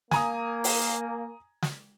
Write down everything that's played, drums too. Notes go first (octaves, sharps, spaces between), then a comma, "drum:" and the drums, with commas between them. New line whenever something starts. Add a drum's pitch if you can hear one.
A#3 G#5 A#5 D#6, drum: snare
drum: open hi-hat
drum: snare